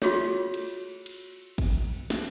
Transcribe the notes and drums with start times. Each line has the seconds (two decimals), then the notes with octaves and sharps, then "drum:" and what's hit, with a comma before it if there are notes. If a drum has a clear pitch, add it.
0.02 F4 F#4 G#4 A4 C#5, drum: snare
0.54 drum: cymbal
1.06 drum: cymbal
1.58 drum: kick G1, cymbal
2.10 drum: snare